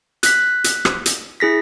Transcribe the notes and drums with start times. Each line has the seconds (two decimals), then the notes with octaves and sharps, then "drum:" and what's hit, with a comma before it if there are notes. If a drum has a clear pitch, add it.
0.23 F#6 B6, drum: hi-hat
0.64 drum: hi-hat
0.85 drum: rim click
1.06 drum: hi-hat
1.40 E4 G#4 A#6 B6